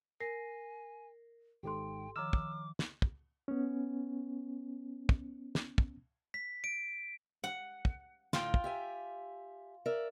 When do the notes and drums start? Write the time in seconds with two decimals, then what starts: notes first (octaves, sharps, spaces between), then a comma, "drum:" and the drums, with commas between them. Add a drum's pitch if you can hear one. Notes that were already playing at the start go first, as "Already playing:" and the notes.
0.20 A#4 G#5 A#6 C7
1.63 G#1 G#2 G4 A4 G5 C6
2.16 D#3 F3 C#5 A#5 D6 E6 F6
2.33 drum: kick
2.79 drum: snare
3.02 drum: kick
3.48 B3 C#4
5.09 drum: kick
5.55 drum: snare
5.78 drum: kick
6.34 B6
6.64 D7
7.44 F#5
7.85 drum: kick
8.33 A2 D3 F4 G5, drum: snare
8.54 drum: kick
8.64 G4 E5 G#5
9.86 A#4 D5 E5